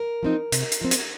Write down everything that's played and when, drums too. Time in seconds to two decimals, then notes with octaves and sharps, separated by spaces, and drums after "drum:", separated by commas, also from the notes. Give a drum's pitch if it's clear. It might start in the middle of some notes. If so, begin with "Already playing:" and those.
Already playing: A#4
0.23 F3 C4 D#4
0.52 C3, drum: hi-hat
0.72 drum: hi-hat
0.81 F3 C4
0.91 drum: hi-hat